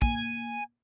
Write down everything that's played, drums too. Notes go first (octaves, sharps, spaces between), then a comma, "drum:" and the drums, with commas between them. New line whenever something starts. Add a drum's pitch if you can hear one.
A#3 G#5, drum: kick